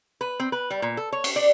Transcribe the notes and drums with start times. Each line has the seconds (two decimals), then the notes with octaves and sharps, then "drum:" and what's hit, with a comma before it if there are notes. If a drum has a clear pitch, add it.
0.21 B4
0.40 C4
0.52 B4
0.70 G3
0.82 A#2
0.97 A4
1.13 C#5
1.24 drum: cymbal
1.36 D5